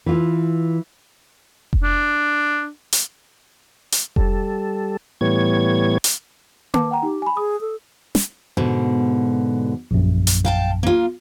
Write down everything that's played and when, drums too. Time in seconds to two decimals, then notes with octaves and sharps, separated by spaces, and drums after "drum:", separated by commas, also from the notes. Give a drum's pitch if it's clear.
0.06 E3 F4
1.73 drum: kick F1
1.83 D4
2.92 drum: hi-hat
3.92 drum: hi-hat
4.16 G3 A4, drum: kick F1
5.21 A2 E3 G3 B3 C#5 G#6
6.04 drum: hi-hat
6.74 B4 A5 D6, drum: tom A#3
6.91 F#5 G5 A#5
7.03 D#4 G4
7.22 G#5 B5
7.37 G#4 D#6
7.61 A4
8.15 drum: snare
8.57 G#2 B2 D3
9.91 A#1 F#2
10.27 drum: hi-hat
10.45 F5 G5 A5
10.83 A#3 F4